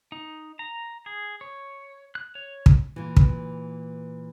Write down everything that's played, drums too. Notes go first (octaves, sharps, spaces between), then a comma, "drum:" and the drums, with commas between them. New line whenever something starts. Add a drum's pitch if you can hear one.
D#4
A#5
G#4
C#5
F#6
C#5
drum: kick
A#2 E3
drum: kick